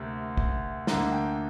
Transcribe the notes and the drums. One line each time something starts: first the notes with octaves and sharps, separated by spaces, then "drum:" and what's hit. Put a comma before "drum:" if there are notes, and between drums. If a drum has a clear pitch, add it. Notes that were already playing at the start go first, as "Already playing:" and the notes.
Already playing: D2 C3 A#3
drum: kick
D2 D3 A#3 A#5, drum: snare
G5